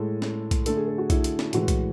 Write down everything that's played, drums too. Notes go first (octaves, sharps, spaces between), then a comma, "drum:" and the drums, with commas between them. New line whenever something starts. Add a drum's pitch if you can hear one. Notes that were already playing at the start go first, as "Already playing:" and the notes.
Already playing: A2 G#3 A4
drum: snare
drum: kick B1, hi-hat
D3 A3 A4, drum: hi-hat
G#4
A4
F#4
E4, drum: kick B1, hi-hat
drum: hi-hat
drum: snare
A2 E3 G#3 F#4, drum: hi-hat
drum: kick B1, hi-hat